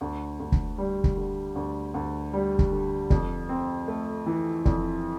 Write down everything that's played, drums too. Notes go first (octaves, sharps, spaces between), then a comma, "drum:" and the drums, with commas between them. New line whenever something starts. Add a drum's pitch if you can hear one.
D2
D2
drum: kick
G3
drum: kick
D3
D2
D2
G3
drum: kick
D3
F2, drum: kick
C4
A3
E3
F2, drum: kick